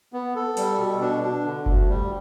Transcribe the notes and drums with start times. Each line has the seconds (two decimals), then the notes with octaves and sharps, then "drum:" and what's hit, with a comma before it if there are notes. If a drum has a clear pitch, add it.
0.13 B3
0.35 A4
0.57 G3, drum: open hi-hat
0.78 B2
1.01 D4
1.23 D4
1.45 D3
1.66 D2, drum: kick F#1
1.88 G3